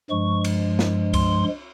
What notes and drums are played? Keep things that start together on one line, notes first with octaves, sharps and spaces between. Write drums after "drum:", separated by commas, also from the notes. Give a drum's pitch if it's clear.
G2 F3 G#3 C#6
drum: cymbal
drum: snare
C6, drum: kick C2, cymbal